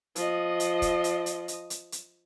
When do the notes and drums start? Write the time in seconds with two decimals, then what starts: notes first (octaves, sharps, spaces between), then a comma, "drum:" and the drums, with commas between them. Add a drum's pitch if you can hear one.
0.16 F3 D#5, drum: hi-hat
0.60 drum: hi-hat
0.82 drum: kick, hi-hat
1.04 drum: hi-hat
1.26 drum: hi-hat
1.48 drum: hi-hat
1.70 drum: hi-hat
1.92 drum: hi-hat